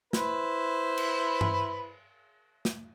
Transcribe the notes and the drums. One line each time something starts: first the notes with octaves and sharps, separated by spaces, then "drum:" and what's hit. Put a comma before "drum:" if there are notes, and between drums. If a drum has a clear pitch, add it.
E4 B4 C5, drum: snare
drum: cymbal
drum: tom G2
drum: snare